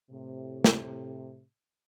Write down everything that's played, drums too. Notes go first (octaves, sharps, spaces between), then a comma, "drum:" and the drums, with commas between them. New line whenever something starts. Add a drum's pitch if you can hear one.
A2 C3
drum: snare